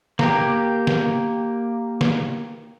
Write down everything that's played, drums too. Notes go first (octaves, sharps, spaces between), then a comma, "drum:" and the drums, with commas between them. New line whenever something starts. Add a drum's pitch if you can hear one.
A#3 G4, drum: snare
drum: snare
drum: snare